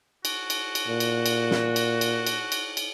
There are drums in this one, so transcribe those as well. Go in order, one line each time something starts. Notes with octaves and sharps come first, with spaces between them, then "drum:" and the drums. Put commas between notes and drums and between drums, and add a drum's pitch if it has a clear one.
F#4, drum: cymbal
drum: cymbal
drum: cymbal
A#2
drum: cymbal
drum: cymbal
drum: snare
drum: cymbal
drum: cymbal
drum: cymbal
drum: cymbal
drum: cymbal